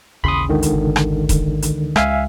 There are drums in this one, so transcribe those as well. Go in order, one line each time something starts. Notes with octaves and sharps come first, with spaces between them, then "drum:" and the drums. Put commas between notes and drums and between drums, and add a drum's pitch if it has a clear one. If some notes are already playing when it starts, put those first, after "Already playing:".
A1 D#2 C#3 B5 C6 D#6
C#2 D3 D#3
drum: hi-hat
G#1
drum: rim click
drum: kick D#1, hi-hat
drum: hi-hat
C#2 G#3 E5 F5 G#5, drum: rim click